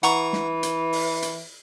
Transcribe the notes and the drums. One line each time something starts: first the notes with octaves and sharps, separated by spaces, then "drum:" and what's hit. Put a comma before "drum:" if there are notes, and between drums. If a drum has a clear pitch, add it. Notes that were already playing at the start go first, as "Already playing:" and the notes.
E3 F#5 A#5 C#6, drum: hi-hat
drum: snare
drum: hi-hat
drum: open hi-hat
drum: hi-hat